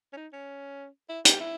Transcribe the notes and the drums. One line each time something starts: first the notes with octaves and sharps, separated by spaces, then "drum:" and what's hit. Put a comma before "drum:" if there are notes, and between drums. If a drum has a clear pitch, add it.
C#4
D#4
C#4
E4
G4, drum: hi-hat
E4